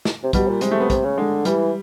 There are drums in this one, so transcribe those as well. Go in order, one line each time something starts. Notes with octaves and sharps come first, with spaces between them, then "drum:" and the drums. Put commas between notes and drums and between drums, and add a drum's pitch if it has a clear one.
drum: snare
C3
B2 G3, drum: kick, hi-hat
A#2
C3 G#3, drum: hi-hat
A3
B3
C3, drum: kick, hi-hat
C#3
D3 G#3
E3 G3, drum: hi-hat